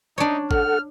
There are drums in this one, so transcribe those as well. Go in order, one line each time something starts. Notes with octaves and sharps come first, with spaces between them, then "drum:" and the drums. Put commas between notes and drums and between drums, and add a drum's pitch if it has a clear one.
D4 D#4 C#5
A4 F#5 F6, drum: kick G#1